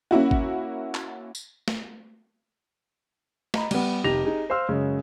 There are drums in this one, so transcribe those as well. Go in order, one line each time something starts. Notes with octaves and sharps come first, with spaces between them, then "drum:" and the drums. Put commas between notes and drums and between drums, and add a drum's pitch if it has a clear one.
A#3 C#4 E4 F#4
drum: kick G#1
drum: clap
drum: tambourine
drum: snare
D#5 A#5 B5, drum: snare
G3 B3, drum: cymbal
F1 D#4 G4 A#6 F7
D#4 G4 G#4
C5 F5 C6 E6 F6
F#2 C#3 G#3